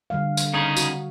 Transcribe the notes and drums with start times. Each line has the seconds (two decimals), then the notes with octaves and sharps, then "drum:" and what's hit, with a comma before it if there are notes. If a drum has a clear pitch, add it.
0.10 D3 G3 F5
0.37 drum: tambourine
0.54 C#3 D#4 G#4
0.76 F#4, drum: tambourine